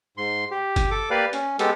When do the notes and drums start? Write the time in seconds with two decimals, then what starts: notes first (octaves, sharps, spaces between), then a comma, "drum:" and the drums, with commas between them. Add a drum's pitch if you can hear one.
0.17 G#2 C6
0.51 G4
0.76 drum: kick G1, hi-hat
0.91 A4 D6
1.10 A#3 G4 B4 D5 F5
1.33 C#4, drum: hi-hat
1.59 G#3 B3 G4 A4, drum: hi-hat